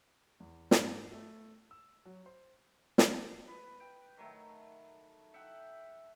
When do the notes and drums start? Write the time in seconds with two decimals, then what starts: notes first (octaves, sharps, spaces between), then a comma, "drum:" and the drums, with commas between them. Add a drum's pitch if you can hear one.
0.40 E2
0.71 G#2, drum: snare
1.12 A3
1.71 E6
2.05 F#3
2.26 C5
2.98 drum: snare
3.47 B4
3.80 G5
4.17 D#3 F#3 A3
5.34 E5 F#5 G5